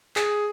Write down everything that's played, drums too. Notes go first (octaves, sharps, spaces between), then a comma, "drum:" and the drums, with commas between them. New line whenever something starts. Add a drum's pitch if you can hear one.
G#4, drum: clap